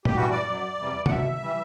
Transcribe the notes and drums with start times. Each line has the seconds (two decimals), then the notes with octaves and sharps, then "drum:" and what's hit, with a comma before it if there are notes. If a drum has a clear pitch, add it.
0.05 G4, drum: tom A#2
0.15 G2 E3 G3 F#4
0.31 D5
0.47 F#2 F#3
0.78 E2 C3 E3 G3
1.06 F#5, drum: tom C3
1.10 B2 F#3 E5
1.41 E3 G3